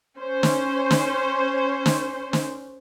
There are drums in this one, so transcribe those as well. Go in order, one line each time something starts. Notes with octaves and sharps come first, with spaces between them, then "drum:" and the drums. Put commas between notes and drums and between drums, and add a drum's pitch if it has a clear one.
C#4 C5
drum: snare
drum: snare
drum: snare
drum: snare